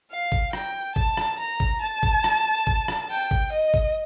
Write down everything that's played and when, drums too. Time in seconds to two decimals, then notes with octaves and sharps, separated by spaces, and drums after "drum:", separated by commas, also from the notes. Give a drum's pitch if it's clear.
0.11 F5
0.32 drum: kick G#1
0.53 G5, drum: rim click
0.96 A5, drum: kick G#1
1.17 drum: rim click
1.39 A#5
1.60 drum: kick G#1
1.82 A5
2.03 drum: kick G#1
2.24 drum: rim click
2.67 drum: kick G#1
2.88 drum: rim click
3.10 G5
3.31 drum: kick G#1
3.52 D#5
3.74 drum: kick G#1